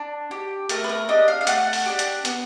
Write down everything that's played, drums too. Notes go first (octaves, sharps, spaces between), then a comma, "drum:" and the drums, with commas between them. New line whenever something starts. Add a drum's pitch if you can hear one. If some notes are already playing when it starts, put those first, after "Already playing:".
Already playing: D4
G4
A3 A#4, drum: hi-hat
B4
A#4
D4 G4 D#5
F5
F5
A3 F#5, drum: hi-hat
drum: open hi-hat
D4 G4
drum: hi-hat
B3, drum: hi-hat